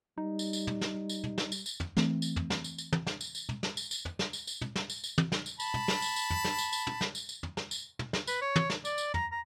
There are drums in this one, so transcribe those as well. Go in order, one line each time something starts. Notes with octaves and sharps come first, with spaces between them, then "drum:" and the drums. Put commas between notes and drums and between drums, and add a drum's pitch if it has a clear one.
G3 D#4
drum: tambourine
drum: tambourine
drum: tom
drum: snare
drum: tambourine
drum: tom
drum: snare
drum: tambourine
drum: tambourine
drum: tom
E3 A3 C4, drum: snare
drum: tambourine
drum: tom
drum: snare
drum: tambourine
drum: tambourine
drum: tom
drum: snare
drum: tambourine
drum: tambourine
drum: tom
drum: snare
drum: tambourine
drum: tambourine
drum: tom
drum: snare
drum: tambourine
drum: tambourine
drum: tom
drum: snare
drum: tambourine
drum: tambourine
drum: tom
drum: snare
drum: tambourine
A5 B5, drum: tambourine
drum: tom
drum: snare
drum: tambourine
drum: tambourine
drum: tom
drum: snare
drum: tambourine
drum: tambourine
drum: tom
drum: snare
drum: tambourine
drum: tambourine
drum: tom
drum: snare
drum: tambourine
drum: tom
drum: snare
B4, drum: tambourine
C#5
drum: tom
drum: snare
D5, drum: tambourine
drum: tambourine
A#5, drum: tom
A#5